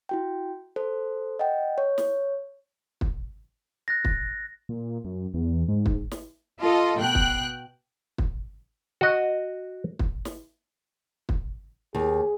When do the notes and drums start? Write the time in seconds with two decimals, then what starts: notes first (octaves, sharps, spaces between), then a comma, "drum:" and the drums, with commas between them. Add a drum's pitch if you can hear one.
0.09 E4 F#4 G5
0.76 A4 C5
1.39 D#5 F#5 G5
1.78 C#5
1.98 drum: snare
3.01 drum: kick
3.88 F#6 A6 A#6
4.05 drum: kick
4.69 A#2
5.05 F#2
5.34 E2
5.68 G#2
5.86 drum: kick
6.11 drum: snare
6.60 F4 A4 D#5
6.98 B2 G5 F#6
7.15 drum: kick
8.18 drum: kick
9.01 F#4 D#5
9.99 drum: kick
10.25 drum: snare
11.29 drum: kick
11.95 D#2 G#4